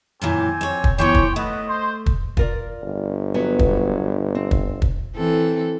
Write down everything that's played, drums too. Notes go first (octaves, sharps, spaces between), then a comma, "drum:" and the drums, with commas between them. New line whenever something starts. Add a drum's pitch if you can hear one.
F#2 A#2 E3 C4 G4 G#5
F2 C#5
drum: kick
E3 F3 B3 G4 C5 C#5 G5
drum: kick
A3 B3 D#5
C5
drum: kick
F4 A#4 D5, drum: kick
G1
F#3 B3
drum: kick
C4
drum: kick
drum: kick
E3 C4 A4